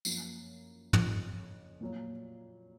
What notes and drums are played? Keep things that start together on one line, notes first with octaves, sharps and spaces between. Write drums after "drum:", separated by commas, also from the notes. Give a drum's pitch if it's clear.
F#2 F3 A#3, drum: tambourine
F2 C#3 F3, drum: tom
A#2 F#3 A#3